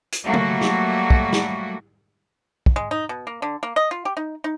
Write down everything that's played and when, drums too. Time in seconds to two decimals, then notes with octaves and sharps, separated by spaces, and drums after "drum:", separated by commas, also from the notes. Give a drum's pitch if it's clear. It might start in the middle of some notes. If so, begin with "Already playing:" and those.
0.12 drum: hi-hat
0.24 F#3 G3 A3 A#3 F#4
0.34 drum: tom
0.61 drum: snare
1.10 drum: kick
1.33 drum: snare
2.66 drum: kick
2.76 G#3
2.91 D#4
3.09 B2
3.27 A#3
3.42 D3
3.63 A#3
3.76 D#5
3.91 F4
4.05 G4
4.17 D#4
4.44 D#4